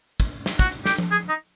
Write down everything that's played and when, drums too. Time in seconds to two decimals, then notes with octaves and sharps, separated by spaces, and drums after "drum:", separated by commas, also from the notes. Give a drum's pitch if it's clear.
0.20 drum: kick, hi-hat
0.46 drum: snare
0.59 F#4, drum: kick
0.72 drum: hi-hat
0.85 G4, drum: snare
0.98 drum: tom F3
1.11 G#4
1.28 D#4